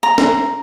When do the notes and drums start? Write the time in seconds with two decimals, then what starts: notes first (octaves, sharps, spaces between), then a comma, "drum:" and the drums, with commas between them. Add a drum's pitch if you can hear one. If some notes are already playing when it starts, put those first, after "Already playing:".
0.03 A#5
0.18 drum: snare